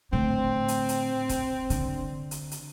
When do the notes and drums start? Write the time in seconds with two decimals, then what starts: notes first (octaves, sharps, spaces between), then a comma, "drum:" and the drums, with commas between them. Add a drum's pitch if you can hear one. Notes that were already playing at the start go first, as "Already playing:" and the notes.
0.13 A2 D3 C4
0.68 drum: hi-hat
0.89 drum: hi-hat
1.29 drum: kick E1, hi-hat
1.70 D3, drum: hi-hat
2.31 drum: hi-hat
2.51 drum: hi-hat